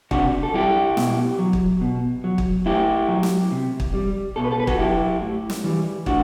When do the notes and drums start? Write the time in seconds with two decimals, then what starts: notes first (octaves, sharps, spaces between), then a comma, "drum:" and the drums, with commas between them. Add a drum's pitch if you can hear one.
0.11 C3 D4 F#4, drum: kick
0.43 A4
0.54 G3 E4 G4
0.97 B2, drum: snare
1.39 F#3
1.53 drum: kick
1.81 B2
2.24 F#3
2.38 drum: kick
2.66 A2 E4 G4
3.09 F#3
3.23 drum: snare
3.52 C3
3.80 drum: kick
3.94 G3
4.36 B2 A4
4.44 B4
4.52 A4
4.60 B4
4.67 F#4 A4, drum: kick
4.78 F#3 E4 G4
5.22 A2
5.50 drum: snare
5.64 E3 G3
6.06 A2 D4 F#4, drum: kick